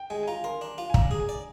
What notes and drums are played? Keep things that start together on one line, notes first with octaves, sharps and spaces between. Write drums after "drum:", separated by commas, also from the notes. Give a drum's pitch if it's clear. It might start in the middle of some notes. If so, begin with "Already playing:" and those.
Already playing: G5
G#3 G#5
G#5
F4 A#5
A#4 C6
D4
F4
G#5
D4 A#5, drum: kick
G#4
G#5
D5